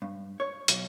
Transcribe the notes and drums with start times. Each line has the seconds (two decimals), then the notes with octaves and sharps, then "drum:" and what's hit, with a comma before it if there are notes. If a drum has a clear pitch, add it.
0.02 G2
0.40 C#5
0.68 B1, drum: hi-hat